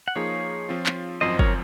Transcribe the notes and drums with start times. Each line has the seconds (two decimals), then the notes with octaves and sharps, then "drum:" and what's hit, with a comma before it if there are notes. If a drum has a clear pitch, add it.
0.08 F#5
0.16 F3 A#3 D#4 G#4 C#5 F5
0.69 F3 C4 F4
0.86 drum: clap
1.21 G#1 F#2 F3 C4 C5 D#5
1.39 A#4 C#5, drum: kick